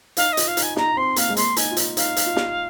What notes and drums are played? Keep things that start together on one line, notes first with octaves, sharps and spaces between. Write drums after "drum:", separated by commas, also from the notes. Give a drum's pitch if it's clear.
D#4 F5, drum: hi-hat
D#5
F4, drum: hi-hat
F5
D#4, drum: hi-hat
G#5
D#4 A#5, drum: snare
D#4
C4 C6
A#3 F5, drum: hi-hat
G#3
A#3 C6, drum: hi-hat
D#4 G#5, drum: hi-hat
F4
D#4, drum: hi-hat
D#4 F5, drum: hi-hat
drum: hi-hat
F4
drum: snare